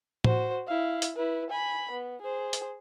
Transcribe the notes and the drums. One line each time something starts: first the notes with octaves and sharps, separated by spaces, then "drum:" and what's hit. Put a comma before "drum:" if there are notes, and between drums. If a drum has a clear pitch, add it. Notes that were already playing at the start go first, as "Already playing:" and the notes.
F#4 C5, drum: tom A2
E4 F5
drum: hi-hat
E4 B4
G#5 B5
B3
G#4 C5
drum: hi-hat